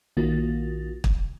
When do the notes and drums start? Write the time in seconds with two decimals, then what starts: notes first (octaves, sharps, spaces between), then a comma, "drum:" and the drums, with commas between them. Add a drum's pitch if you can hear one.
0.17 A#1 D#3 A#3 F4 F#4 A6
1.04 drum: kick